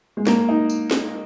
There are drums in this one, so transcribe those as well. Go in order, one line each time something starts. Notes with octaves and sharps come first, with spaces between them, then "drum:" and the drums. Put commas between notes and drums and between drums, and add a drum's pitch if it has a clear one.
G#3
A#3, drum: snare
D#4
drum: tambourine
drum: snare